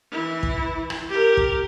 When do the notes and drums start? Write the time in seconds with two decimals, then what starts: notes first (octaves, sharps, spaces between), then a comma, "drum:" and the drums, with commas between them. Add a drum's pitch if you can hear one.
0.11 E3 E4
0.43 drum: kick
0.90 drum: rim click
1.09 G4 A#4
1.37 drum: kick